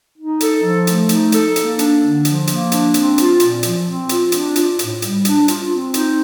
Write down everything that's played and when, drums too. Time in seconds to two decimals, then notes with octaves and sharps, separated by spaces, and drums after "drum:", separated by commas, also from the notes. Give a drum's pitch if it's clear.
0.18 D#4
0.40 A4, drum: hi-hat
0.64 F3
0.87 A3, drum: hi-hat
1.09 D#4, drum: hi-hat
1.32 A4, drum: hi-hat
1.56 A#3, drum: hi-hat
1.79 D4, drum: hi-hat
2.02 D3
2.25 F3, drum: hi-hat
2.47 A#3, drum: hi-hat
2.72 D4, drum: hi-hat
2.94 C4, drum: hi-hat
3.18 F4, drum: hi-hat
3.40 A#2, drum: hi-hat
3.63 F3, drum: hi-hat
3.86 C4
4.09 F4, drum: hi-hat
4.32 D4, drum: hi-hat
4.56 F4, drum: hi-hat
4.79 A2, drum: hi-hat
5.02 G3, drum: hi-hat
5.25 D4, drum: hi-hat
5.48 F4, drum: hi-hat
5.70 C4
5.94 D#4, drum: hi-hat